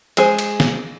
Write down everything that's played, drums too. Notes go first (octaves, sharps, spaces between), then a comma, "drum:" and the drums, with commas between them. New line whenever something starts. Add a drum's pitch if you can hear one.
G#3 G#4 C5, drum: cymbal
drum: cymbal
drum: snare